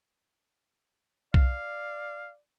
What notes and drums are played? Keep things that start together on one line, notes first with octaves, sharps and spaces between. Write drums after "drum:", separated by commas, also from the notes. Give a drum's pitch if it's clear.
D5 F5, drum: kick B1